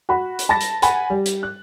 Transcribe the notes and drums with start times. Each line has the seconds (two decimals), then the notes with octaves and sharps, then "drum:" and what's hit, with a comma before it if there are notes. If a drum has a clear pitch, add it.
0.09 F#4 B5
0.39 drum: hi-hat
0.49 A5 B5 A6 A#6
0.61 drum: hi-hat
0.82 F#5 G#5 B5, drum: hi-hat
1.10 G3
1.26 drum: hi-hat
1.43 F#6